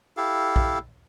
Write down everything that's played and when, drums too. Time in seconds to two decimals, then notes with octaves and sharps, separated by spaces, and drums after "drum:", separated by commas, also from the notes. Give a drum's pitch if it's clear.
0.17 E4 G4 A4 F5
0.56 drum: kick A#1